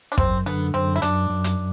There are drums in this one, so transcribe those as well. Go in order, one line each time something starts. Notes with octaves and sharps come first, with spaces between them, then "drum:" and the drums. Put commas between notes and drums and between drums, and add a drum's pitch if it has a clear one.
D4
F#2 C4, drum: kick
D3 B3
F#2 C4
E4
F#2 D4, drum: hi-hat
F#2
drum: hi-hat